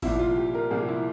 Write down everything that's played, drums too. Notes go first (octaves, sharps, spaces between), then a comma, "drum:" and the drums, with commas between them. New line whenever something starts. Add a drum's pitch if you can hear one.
C2 A#2 F3 E4, drum: kick G#1, open hi-hat
F4
G4
A#4
C2 A#2 F3 G#4
E4